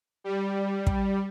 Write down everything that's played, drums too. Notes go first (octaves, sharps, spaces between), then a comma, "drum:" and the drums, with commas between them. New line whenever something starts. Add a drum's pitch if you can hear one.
G3
drum: kick